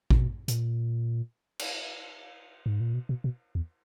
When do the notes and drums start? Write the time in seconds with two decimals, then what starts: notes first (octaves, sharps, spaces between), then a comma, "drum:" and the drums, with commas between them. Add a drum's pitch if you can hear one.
0.10 A#2, drum: kick A1
0.18 B2
0.48 A#2, drum: hi-hat
1.59 drum: cymbal
2.66 G#2
2.80 A#2
2.94 B2
3.09 B2
3.24 B2
3.55 E2